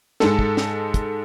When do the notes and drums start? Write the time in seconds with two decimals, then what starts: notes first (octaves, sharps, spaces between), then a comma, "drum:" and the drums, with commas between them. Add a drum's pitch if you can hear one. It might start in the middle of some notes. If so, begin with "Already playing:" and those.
0.20 G#2 G#3 A4, drum: snare
0.39 drum: kick
0.57 drum: snare
0.94 drum: kick, hi-hat